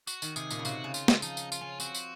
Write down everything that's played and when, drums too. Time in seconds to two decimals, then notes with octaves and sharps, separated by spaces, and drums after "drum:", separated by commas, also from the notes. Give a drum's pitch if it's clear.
0.07 F#4, drum: tambourine
0.22 D#3, drum: tambourine
0.36 C3 G#4, drum: tambourine
0.51 A#2, drum: tambourine
0.59 C#3
0.65 C3 F#4, drum: tambourine
0.84 C#3
0.94 F4, drum: tambourine
1.08 drum: snare
1.22 F3 D#4, drum: tambourine
1.37 drum: tambourine
1.52 F4, drum: tambourine
1.61 C#4
1.80 C4 F#4, drum: tambourine
1.95 drum: tambourine